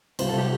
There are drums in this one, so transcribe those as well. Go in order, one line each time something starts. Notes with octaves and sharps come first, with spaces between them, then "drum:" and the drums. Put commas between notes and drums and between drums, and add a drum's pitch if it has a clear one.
C3 G3 F4 C5, drum: cymbal
A4
G4